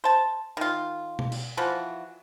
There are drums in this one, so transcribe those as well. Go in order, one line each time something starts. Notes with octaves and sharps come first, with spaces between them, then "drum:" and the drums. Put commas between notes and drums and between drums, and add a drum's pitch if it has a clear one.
C5 A5
D#3 F4
drum: tom B2
drum: cymbal
E3 F3 F#4